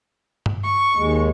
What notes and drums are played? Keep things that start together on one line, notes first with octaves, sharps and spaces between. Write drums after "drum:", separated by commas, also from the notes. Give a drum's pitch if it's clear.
drum: tom G2
C#6
D#2 G#3